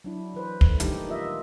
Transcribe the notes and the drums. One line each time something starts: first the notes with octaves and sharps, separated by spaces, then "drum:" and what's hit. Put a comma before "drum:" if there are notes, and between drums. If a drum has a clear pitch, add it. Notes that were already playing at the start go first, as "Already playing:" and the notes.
F#3 D4 E4
E3 B4 C5
D#3 A3, drum: kick
A#2 D#3 G3 D4 D#4 G4, drum: hi-hat
F4 D#5 E5